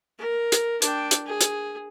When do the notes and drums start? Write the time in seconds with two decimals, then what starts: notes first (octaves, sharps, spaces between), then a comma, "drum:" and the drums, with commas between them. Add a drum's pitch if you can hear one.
0.19 A#4
0.52 drum: hi-hat
0.82 D4 G5, drum: hi-hat
1.11 drum: hi-hat
1.26 G#4
1.41 drum: hi-hat